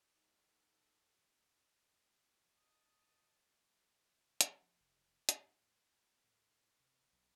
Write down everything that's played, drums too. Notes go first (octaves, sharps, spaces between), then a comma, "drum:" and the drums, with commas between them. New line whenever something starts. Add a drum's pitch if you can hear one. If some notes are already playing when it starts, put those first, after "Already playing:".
G#2 D#4 G4 A4 A5
D#5 A5 D#6
drum: hi-hat
F3
F1
A2, drum: hi-hat
A2
C3
B1